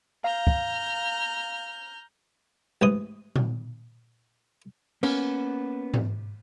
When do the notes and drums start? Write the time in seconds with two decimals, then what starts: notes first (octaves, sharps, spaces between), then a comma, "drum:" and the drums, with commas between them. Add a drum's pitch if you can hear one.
0.24 F5 A#5 F6 G6
0.47 drum: kick
2.81 A1 G#2 E3 D#6
3.36 drum: tom A#2
5.03 A#3 B3 C#4, drum: cymbal
5.94 drum: tom G#2